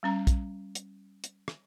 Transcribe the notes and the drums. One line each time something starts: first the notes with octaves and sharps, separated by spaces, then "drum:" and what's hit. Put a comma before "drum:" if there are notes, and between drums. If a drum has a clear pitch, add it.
G3 C#4 A#5
drum: kick, hi-hat
drum: hi-hat
drum: hi-hat
drum: rim click